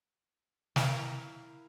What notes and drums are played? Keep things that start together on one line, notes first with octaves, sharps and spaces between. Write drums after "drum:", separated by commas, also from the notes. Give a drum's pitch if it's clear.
E4 A#4 F5 G5, drum: snare